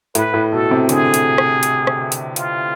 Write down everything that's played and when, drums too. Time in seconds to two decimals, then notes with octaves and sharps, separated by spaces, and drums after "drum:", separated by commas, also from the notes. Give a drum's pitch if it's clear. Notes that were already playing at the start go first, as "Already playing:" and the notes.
0.15 A2 B4, drum: hi-hat
0.34 A2
0.52 B2 A4
0.71 C3
0.89 D3 G#4, drum: hi-hat
1.14 drum: hi-hat
1.38 drum: rim click
1.63 drum: hi-hat
1.87 drum: rim click
2.12 drum: hi-hat
2.36 F4, drum: hi-hat